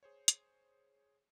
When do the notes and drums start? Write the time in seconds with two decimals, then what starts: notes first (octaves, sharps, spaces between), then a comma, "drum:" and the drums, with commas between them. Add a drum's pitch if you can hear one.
0.03 G#4 C5 C#5
0.28 drum: hi-hat